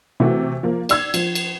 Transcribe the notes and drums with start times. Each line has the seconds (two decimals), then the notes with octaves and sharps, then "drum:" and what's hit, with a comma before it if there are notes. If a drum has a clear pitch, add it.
0.20 C3 E3 A3 F#4
0.63 F3 A#3
0.89 D5 E6 G#6, drum: cymbal
1.14 F3, drum: cymbal
1.35 drum: cymbal